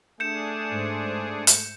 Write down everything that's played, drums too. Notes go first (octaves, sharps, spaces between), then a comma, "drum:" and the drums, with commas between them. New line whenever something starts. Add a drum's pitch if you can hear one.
A3 D4 G#4 G6 C#7 E7
G#2 C5
drum: hi-hat